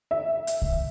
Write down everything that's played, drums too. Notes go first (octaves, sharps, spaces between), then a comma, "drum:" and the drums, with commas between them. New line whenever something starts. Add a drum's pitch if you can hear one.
E5
drum: hi-hat
drum: kick C2